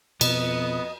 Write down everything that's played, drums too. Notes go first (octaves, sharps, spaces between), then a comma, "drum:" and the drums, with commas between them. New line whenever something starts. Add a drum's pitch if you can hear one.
F2 B2 B3 D#5, drum: cymbal